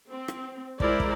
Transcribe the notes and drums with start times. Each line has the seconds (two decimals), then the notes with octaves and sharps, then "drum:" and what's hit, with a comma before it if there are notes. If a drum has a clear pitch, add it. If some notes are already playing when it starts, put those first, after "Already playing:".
0.10 C4
0.28 drum: rim click
0.80 G#3 E4 A#4 C5 D5, drum: kick
1.00 drum: kick